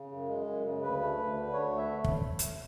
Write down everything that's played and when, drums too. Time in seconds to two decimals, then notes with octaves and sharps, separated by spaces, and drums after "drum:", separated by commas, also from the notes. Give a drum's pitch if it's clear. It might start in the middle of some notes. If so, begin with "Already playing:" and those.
Already playing: C#3
0.11 F#2
0.29 G#3
0.47 F#2
0.65 C#3
0.82 D2 B4
1.00 A3
1.19 D2
1.36 D3
1.53 D2 C#5
1.71 A3
1.78 E5
2.04 drum: kick
2.39 drum: hi-hat